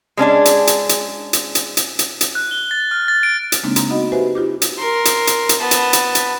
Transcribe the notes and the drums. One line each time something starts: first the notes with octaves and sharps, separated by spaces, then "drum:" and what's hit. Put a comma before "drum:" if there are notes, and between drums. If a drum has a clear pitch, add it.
G#3 C#4 D4 G#4
drum: hi-hat
drum: hi-hat
drum: hi-hat
drum: hi-hat
drum: hi-hat
drum: hi-hat
drum: hi-hat
drum: hi-hat
F#6
G7
A6
F6
A6
D7
drum: hi-hat
C#3 G#3 A#3 C4 D4 D#4
A#5 C6, drum: hi-hat
B3 D#4 F#4 D#5 F#5 B5
F#4 G4 B4 C5 E5 G#5
D#4 F4 G4 D6
drum: hi-hat
A#4 C6
drum: hi-hat
drum: hi-hat
drum: hi-hat
B3 A5
drum: hi-hat
drum: hi-hat
drum: hi-hat